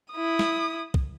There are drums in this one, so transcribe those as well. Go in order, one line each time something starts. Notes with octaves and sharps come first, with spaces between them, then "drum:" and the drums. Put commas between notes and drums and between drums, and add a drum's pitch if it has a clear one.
E4 D#6
drum: snare
drum: kick